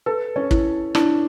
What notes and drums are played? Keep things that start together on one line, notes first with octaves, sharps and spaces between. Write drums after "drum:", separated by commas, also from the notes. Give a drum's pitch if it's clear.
A4 B4
C#4
E4, drum: kick
D4 E4, drum: rim click